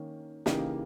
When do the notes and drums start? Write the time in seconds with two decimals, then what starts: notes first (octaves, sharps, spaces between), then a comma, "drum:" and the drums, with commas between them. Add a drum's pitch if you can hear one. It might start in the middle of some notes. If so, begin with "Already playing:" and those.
Already playing: D#3 A#3 C#4
0.46 C#3 E3 A#3 D#4 G4, drum: snare